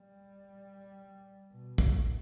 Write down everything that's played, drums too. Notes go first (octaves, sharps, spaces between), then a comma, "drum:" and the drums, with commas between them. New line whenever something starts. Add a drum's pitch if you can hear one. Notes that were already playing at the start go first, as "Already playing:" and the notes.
Already playing: G3
B2
drum: kick